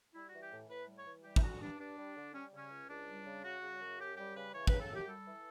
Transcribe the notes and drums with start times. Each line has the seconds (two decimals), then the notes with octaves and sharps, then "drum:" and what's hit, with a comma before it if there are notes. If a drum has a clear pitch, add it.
0.14 G3 E4
0.28 E3 F#4
0.41 G4
0.51 A2
0.69 A2 B4
0.88 G3
0.97 C#5
1.05 E3
1.23 G3 G4
1.36 E4, drum: kick
1.42 D3 F#4
1.60 G2 D4
1.78 G2 D4
1.97 G3
2.16 D3
2.33 G3 C#4
2.52 C#3 C#4
2.70 C#2
2.89 C#2 D4
3.06 G3
3.25 C#3
3.43 G3 F#4
3.62 C#3
3.80 F#2
3.98 F#2 G4
4.16 G3 G4
4.36 C#3 B4
4.53 E3 C#5
4.67 C#3 B4, drum: kick
4.80 A4
4.90 F#2 G4
5.08 G3 A4
5.26 E3